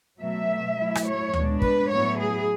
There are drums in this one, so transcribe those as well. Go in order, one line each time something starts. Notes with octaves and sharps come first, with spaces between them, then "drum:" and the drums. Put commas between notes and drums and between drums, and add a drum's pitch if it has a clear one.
B2 F#3 A3 E5
F#3 A3 E4
drum: rim click
C#5
B2 G#3 D4, drum: tom D2
B4, drum: kick
A2 F#3 B3 E4 C#5
G#4